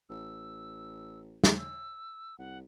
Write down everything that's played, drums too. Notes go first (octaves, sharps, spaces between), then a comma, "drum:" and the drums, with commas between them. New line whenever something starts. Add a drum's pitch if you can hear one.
A1 E6
drum: snare
E6
C2 F#5